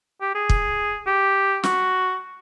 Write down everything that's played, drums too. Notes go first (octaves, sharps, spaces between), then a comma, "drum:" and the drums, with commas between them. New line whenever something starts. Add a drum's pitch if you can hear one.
G4
G#4
drum: kick
G4
F#4, drum: snare